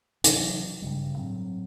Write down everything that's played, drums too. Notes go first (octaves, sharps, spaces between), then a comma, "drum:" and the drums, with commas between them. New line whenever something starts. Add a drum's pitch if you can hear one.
C3 E3 F#3, drum: hi-hat
G2 C#3 G3
A2 F#3 C4